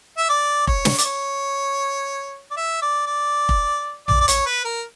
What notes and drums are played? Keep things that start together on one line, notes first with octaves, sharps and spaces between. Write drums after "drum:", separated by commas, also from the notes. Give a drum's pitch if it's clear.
E5
D5
C#5, drum: kick F1
drum: snare
D5, drum: hi-hat
C#5
D5
E5
D5
D5
drum: kick F1
D5, drum: tom
D5
C#5, drum: hi-hat
B4
A#4